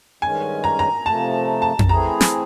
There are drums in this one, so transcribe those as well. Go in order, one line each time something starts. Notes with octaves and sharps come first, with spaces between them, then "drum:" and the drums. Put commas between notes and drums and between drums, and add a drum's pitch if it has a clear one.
G2 D#3 G#3 C#4 G#5
A#5
A#5
C3 F3 A3 A5
A5
drum: tom F2
E3 A3 C4 E4 G#4 A#5
drum: snare